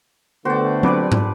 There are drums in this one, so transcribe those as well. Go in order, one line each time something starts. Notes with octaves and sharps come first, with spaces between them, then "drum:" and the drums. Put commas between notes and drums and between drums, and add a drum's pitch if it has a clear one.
D3 A3 B3 F#4 C5 D5 G5
A#2 F#3 G3 C4 D4 B4 D5
drum: tom